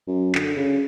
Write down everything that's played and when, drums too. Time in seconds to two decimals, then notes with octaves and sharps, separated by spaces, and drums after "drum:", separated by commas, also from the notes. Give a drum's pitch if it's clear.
0.07 F#2
0.35 D3, drum: clap
0.57 C#3